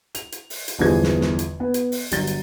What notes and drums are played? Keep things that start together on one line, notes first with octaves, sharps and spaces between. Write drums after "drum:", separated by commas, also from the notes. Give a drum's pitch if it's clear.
F7, drum: hi-hat
drum: hi-hat
drum: open hi-hat
drum: hi-hat
G1 E2 D3 F3 G#4 G#6
drum: snare
drum: snare
drum: hi-hat
B3
drum: hi-hat
drum: open hi-hat
G1 F#3 A6 G7, drum: hi-hat
drum: hi-hat